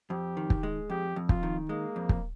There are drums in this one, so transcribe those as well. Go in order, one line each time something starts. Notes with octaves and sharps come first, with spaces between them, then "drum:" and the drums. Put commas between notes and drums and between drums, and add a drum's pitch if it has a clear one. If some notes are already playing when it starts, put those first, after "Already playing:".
F2 G4
D#3
drum: kick
G#3
F2 G4
F2
F4, drum: kick
D#3
G#3 A#3
F2
drum: kick